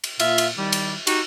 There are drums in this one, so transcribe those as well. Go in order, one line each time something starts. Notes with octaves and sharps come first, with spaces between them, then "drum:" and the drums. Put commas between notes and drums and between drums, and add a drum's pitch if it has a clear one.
drum: cymbal
A#2 F4 E5, drum: cymbal
drum: cymbal
D#3 G3
drum: cymbal
D#4 F#4 G4, drum: cymbal